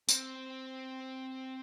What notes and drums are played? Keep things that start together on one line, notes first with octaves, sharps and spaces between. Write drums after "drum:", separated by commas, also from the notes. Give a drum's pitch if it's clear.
C4, drum: tambourine